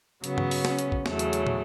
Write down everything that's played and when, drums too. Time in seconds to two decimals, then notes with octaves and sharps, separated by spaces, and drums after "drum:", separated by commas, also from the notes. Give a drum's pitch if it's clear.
0.24 C#3 F#3 B3, drum: hi-hat
0.38 drum: tom
0.51 drum: open hi-hat
0.65 C#4, drum: snare
0.79 drum: hi-hat
0.92 drum: kick
1.06 E2 C#3 F#3 A3, drum: snare
1.19 drum: hi-hat
1.33 drum: hi-hat
1.47 drum: tom